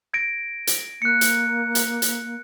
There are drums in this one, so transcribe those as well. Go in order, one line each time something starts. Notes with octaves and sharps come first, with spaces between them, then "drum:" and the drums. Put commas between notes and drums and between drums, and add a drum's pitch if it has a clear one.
G#6 A#6 D7
drum: hi-hat
A#3 F#6 C#7
drum: hi-hat
drum: hi-hat
drum: hi-hat